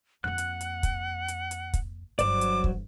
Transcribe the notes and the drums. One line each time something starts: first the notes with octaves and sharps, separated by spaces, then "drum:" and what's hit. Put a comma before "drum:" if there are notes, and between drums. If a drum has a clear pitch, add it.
F2 A#3 F#5 F#6
drum: hi-hat
drum: hi-hat
drum: kick, hi-hat
drum: hi-hat
drum: hi-hat
drum: kick, hi-hat
G1 E3 F#3 C5 D5 D6, drum: hi-hat
drum: hi-hat
drum: kick